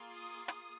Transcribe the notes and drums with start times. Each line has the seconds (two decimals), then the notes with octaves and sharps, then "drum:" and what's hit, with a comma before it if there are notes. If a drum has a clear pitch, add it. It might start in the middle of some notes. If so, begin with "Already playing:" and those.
Already playing: A#3 F4 G#4
0.15 D#6
0.48 D#6, drum: hi-hat